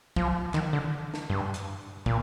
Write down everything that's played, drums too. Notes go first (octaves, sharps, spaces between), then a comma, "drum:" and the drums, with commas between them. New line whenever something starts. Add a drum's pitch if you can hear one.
F3, drum: kick
D#3, drum: clap
D3
drum: snare
G2
drum: hi-hat
A#2, drum: kick